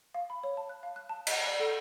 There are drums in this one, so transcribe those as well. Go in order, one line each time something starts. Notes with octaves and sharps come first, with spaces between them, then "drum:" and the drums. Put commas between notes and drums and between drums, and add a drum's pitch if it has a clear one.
F5
B5
C#5
A5
F#6
F5
F#6
A5
D#5, drum: cymbal
D5
A4